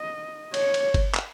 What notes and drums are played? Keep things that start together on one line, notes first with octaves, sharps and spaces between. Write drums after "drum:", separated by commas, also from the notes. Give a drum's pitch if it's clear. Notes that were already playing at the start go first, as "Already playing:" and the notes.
Already playing: D#5
C#5, drum: cymbal
drum: cymbal
drum: kick G1, cymbal
drum: clap